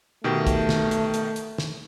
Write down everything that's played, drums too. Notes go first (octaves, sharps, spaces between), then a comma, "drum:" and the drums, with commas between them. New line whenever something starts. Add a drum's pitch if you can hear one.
B2 D#3 A3 G4
drum: kick, hi-hat
drum: snare
drum: hi-hat
drum: hi-hat
drum: hi-hat
drum: snare